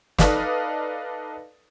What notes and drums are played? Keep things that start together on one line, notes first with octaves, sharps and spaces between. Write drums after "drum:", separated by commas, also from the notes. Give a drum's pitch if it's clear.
D#4 A4 B4 D5 D#5 F5, drum: snare